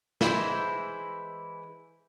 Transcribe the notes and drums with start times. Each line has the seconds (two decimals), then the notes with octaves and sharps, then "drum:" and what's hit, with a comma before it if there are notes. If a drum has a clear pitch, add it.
0.21 E3 G#3 E4 C5, drum: snare